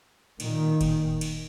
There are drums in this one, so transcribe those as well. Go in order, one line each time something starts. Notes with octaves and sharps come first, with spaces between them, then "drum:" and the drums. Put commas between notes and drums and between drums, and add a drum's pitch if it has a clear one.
A#2 D#3, drum: cymbal
drum: kick F#1, cymbal
drum: cymbal